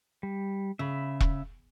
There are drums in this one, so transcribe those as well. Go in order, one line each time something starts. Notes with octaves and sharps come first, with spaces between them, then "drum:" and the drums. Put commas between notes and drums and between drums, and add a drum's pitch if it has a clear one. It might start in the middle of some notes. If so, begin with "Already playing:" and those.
G3
C#3 E5 B5
drum: kick E1